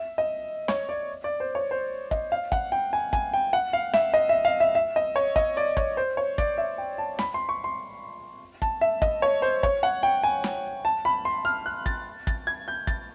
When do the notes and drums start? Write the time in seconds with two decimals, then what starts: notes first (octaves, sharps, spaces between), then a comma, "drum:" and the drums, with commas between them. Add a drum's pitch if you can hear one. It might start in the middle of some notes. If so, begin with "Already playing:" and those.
Already playing: E5
0.18 D#5
0.68 C#5, drum: snare
0.89 D5
1.24 D5
1.40 C5
1.55 C#5
1.71 C5
2.11 D#5, drum: kick
2.32 F5
2.52 F#5, drum: kick
2.72 G5
2.93 G#5
3.13 G#5, drum: kick
3.34 G5
3.53 F#5
3.73 F5
3.94 E5, drum: snare
4.14 D#5
4.29 E5
4.45 F5
4.60 E5
4.75 E5
4.96 D#5
5.16 C#5
5.36 D#5, drum: kick
5.57 D5
5.77 C#5, drum: kick
5.97 C5
6.17 C#5
6.38 D5, drum: kick
6.58 E5
6.78 G5
6.98 A5
7.19 B5, drum: snare
7.34 C6
7.49 C#6
7.64 C6
8.62 A5, drum: kick
8.81 E5
9.02 D#5, drum: kick
9.22 C#5
9.42 C5
9.63 C#5, drum: kick
9.83 F#5
10.03 G5
10.23 G#5
10.44 drum: snare
10.85 A5
11.05 B5
11.25 C6
11.45 F6
11.66 F#6
11.86 A6, drum: kick
12.27 A6, drum: kick
12.47 G#6
12.68 G6
12.87 A6, drum: kick